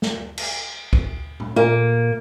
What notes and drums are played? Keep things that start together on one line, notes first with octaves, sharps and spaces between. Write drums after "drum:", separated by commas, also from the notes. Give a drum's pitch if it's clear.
drum: snare
drum: cymbal
drum: kick
drum: tom A#2
A#2 A#3